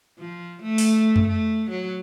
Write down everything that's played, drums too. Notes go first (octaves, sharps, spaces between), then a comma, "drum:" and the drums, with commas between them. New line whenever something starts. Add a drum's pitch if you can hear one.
F3
A3
drum: open hi-hat
drum: tom F2
A3
F#3